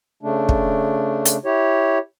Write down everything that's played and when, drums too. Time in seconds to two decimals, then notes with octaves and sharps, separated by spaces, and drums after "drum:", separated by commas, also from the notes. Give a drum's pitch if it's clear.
0.23 C#3 A3 D4
0.49 drum: kick
1.25 drum: hi-hat
1.45 E4 G4 C#5